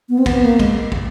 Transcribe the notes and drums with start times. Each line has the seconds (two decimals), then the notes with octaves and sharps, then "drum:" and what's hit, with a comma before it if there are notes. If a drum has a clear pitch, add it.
0.09 B3
0.18 C4
0.26 B3, drum: kick, cymbal
0.42 A#3
0.59 G#3, drum: kick, cymbal
0.92 drum: kick